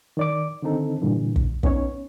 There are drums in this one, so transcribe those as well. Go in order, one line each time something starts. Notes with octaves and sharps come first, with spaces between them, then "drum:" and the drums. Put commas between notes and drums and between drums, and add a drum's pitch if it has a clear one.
D#3 D5 D6
D3 D#3 C4 D#4 A4
G2 A#2 D3 E3
drum: kick
B3 C#4 D#4 C#5, drum: kick